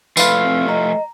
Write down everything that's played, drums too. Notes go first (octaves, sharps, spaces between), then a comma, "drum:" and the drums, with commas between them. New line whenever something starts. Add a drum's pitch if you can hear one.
E3 F3 A3 F4 B4 F5 B5, drum: tambourine
C4
D#5 A#5